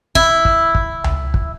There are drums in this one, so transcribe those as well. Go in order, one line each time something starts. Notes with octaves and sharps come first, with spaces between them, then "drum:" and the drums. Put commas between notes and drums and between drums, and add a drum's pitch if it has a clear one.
E4, drum: kick
drum: kick
drum: kick
drum: tom C#2
drum: kick